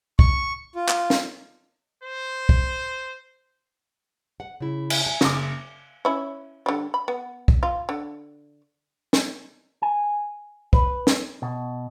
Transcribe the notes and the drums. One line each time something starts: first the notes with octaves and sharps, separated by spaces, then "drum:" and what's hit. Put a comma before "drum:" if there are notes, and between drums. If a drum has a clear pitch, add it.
C#6, drum: kick
F4
drum: clap
drum: snare
C5
drum: kick
F#5
C#3 E4
drum: cymbal
G#5
F#1 D6, drum: snare
C#4 E4
D3 G3
B5
B3
drum: kick
F4
D3
drum: snare
G#5
B4, drum: kick
drum: snare
B2